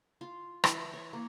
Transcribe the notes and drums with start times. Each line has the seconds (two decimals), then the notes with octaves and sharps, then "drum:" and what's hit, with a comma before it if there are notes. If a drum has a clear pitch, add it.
0.21 F4
0.64 E3, drum: rim click
0.93 C#5
1.13 A#3